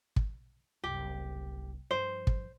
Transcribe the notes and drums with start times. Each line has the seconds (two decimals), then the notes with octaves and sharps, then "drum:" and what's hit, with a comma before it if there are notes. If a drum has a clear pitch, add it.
0.16 drum: kick
0.84 F#1 C2 G4
1.91 G2 F3 C5
2.27 drum: kick